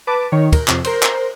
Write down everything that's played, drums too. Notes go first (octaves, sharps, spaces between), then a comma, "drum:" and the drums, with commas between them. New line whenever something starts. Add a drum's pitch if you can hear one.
B4 A5 D6
D#3 C#5
A#4, drum: kick, cymbal
F2 C3, drum: clap
A#4 C5 C6, drum: cymbal
drum: clap